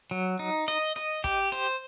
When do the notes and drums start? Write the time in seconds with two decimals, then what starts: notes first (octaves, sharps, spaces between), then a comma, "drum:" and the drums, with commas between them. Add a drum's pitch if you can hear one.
0.11 F#3
0.39 D#4
0.68 D#5, drum: hi-hat
0.96 D#5, drum: hi-hat
1.24 G4, drum: kick, hi-hat
1.52 C5, drum: hi-hat